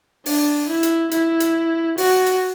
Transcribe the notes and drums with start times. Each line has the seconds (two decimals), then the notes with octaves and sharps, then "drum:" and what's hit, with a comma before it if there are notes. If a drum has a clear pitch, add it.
0.26 D4, drum: open hi-hat
0.69 E4
0.83 drum: hi-hat
1.11 E4, drum: hi-hat
1.40 drum: hi-hat
1.98 F#4, drum: open hi-hat
2.26 drum: hi-hat